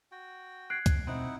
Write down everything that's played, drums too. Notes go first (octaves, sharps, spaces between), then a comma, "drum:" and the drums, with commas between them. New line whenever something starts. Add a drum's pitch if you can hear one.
F#4 G5
F#6 G#6 C7 D7
drum: kick, hi-hat
B2 C4 D#4 E4 F#5